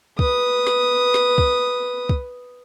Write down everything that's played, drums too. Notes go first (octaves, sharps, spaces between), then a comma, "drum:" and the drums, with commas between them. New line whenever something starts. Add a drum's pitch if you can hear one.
B4 D#6, drum: kick
drum: snare
drum: snare
drum: kick
drum: kick